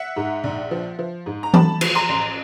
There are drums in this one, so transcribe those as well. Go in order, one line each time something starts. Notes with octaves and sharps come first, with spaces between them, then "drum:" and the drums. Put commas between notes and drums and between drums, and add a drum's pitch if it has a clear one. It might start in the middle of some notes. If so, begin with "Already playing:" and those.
Already playing: E5 F#5
G#2
A#1
F3
F3
G#2
A#5
A3 A5 B5, drum: tom E3
F3, drum: cymbal
A#5 C6
A1